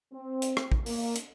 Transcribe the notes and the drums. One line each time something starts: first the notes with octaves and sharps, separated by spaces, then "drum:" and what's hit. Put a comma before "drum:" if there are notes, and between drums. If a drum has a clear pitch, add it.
C4
drum: hi-hat
drum: rim click
drum: kick
A#3, drum: open hi-hat
drum: hi-hat